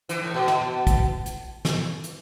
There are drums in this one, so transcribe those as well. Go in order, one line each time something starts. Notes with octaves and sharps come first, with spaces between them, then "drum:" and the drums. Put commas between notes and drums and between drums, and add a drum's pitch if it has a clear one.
E3, drum: hi-hat
A2
B2
drum: snare
drum: kick, hi-hat
drum: hi-hat
drum: snare
drum: hi-hat